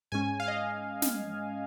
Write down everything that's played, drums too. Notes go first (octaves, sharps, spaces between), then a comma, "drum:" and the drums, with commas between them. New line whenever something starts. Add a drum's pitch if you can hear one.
G#2 G#3 C#4 G#5
F5
D#5
drum: snare